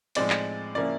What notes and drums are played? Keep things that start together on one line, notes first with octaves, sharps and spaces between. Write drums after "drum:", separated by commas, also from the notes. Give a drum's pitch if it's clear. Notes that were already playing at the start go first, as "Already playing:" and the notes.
A2 F3 G#3 C4 D#4 D5, drum: cymbal
drum: clap
C#3 F3 A#3 C#4 E4 D5